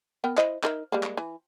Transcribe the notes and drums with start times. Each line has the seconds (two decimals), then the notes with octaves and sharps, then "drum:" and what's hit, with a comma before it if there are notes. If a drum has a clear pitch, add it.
0.24 B3 A#4 G5
0.37 E4 C5 D#5, drum: clap
0.64 D#4 A#4 E5, drum: clap
0.92 G3 G#3 A#3
1.03 drum: clap
1.17 E3